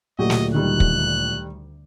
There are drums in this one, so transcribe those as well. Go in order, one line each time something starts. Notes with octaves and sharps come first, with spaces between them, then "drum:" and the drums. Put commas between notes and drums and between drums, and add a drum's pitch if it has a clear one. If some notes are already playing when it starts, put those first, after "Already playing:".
D2 A#2 F#3 A3 F#4 G4 D#5
drum: snare
D#3 G3 F#6
drum: kick